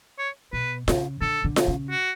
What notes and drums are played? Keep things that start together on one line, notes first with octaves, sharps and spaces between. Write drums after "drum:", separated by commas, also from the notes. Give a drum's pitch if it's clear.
C#5
B2 B4
C#3, drum: snare F4
D3 A4
D3
drum: snare F4
C#3
F#4